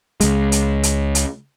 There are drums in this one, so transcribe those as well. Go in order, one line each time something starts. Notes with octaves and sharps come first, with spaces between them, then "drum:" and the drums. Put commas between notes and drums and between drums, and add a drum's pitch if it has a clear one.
C#2 G#3, drum: hi-hat
drum: hi-hat
drum: hi-hat
drum: hi-hat